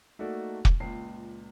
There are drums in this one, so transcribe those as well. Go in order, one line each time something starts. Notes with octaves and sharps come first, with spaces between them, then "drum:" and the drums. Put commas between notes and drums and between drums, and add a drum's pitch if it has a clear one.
A3 A#3 D#4 F#4 A4 D5
drum: kick
C#2 A#2 C7